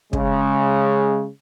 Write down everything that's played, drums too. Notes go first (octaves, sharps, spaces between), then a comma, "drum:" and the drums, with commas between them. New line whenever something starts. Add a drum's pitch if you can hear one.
C#3 G#3, drum: kick